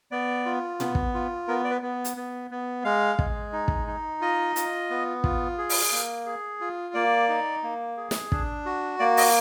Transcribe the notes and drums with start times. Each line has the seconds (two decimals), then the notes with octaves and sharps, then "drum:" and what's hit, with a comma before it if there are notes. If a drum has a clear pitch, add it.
0.11 B3 D5
0.45 F4
0.80 B3, drum: tom A#2
0.95 drum: kick
1.14 F4
1.48 B3 A#4
1.64 D5
1.70 B4
1.82 B3
2.04 drum: hi-hat
2.17 B3
2.51 B3
2.84 G#3 F5
3.19 G#3, drum: kick
3.53 D#4
3.68 drum: kick
3.87 D#4
4.21 F4 D#5
4.56 F4, drum: hi-hat
4.90 B3
5.24 F4, drum: kick
5.58 G#4
5.70 drum: open hi-hat
5.92 A#3
6.26 G#4
6.61 F4
6.94 A#3 D5
7.29 D#4
7.63 A#3
7.97 G#4
8.11 drum: snare
8.32 D4, drum: kick
8.65 F#4
8.99 A#3 D5
9.17 D#5, drum: open hi-hat